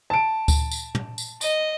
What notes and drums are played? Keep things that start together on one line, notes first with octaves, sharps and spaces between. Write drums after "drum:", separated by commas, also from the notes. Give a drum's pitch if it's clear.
A5 D7
drum: kick D2, tambourine
drum: tambourine
drum: tom
drum: tambourine
D#5, drum: tambourine